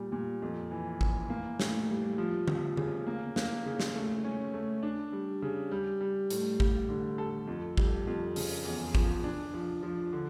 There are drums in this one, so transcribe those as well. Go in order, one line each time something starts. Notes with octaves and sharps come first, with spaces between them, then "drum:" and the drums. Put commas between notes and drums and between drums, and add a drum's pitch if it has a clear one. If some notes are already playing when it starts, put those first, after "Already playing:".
Already playing: A#2 G3
A#2
F2
E3
E3, drum: kick
A#3
A2, drum: snare
G3
F3
F3, drum: tom D3
C#3, drum: tom D3
A#3
A#3, drum: snare
C#3
drum: snare
A3
C#4
A3
D4
G3
C#3
G3
G3
A2, drum: hi-hat
G3, drum: kick
D3
A4
F2
G3, drum: kick
F2
C#3, drum: open hi-hat
E2
F3, drum: kick
D4
F3
F3
D3